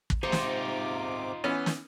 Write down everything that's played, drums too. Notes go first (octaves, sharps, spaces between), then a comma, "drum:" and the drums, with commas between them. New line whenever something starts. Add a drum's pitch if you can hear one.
drum: kick
G#2 C3 D#4 F4 C5 C#6 D6
drum: snare
E3 B3 C#4
drum: snare